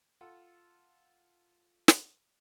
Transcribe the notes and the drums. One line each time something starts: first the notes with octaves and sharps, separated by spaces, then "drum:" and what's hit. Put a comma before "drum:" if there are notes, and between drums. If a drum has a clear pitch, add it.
F4 A4 F#5
drum: snare